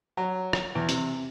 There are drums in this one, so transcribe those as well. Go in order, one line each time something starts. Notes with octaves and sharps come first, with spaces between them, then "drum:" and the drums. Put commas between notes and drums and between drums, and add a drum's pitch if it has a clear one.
F#3
drum: rim click
E2
C3, drum: hi-hat